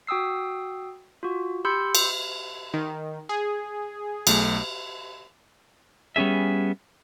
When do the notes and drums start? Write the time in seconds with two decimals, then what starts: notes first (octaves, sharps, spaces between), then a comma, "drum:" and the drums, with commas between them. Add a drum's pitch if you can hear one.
0.07 F#4 G5 D#6 E6 C7
1.23 F4 F#4
1.65 G4 B5 C6 E6 G6 C#7
1.95 drum: cymbal
2.74 D#3
3.29 G#4
4.27 B1 A3, drum: cymbal
6.16 G3 B3 C#4 G#4 E5